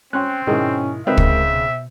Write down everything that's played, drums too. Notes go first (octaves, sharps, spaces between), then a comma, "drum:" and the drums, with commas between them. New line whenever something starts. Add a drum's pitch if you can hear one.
C4 C#4 G5 C6 F#6
G#2 B2 D#3 G#3 C#4 E4
C#3 G#3 C4 D#4 A#4 B4 E5
drum: kick
B2